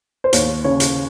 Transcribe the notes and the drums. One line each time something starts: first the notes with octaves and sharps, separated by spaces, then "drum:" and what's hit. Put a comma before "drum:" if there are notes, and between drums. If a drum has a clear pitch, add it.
C5
D#2 C#5, drum: hi-hat
C#3 C#5
drum: hi-hat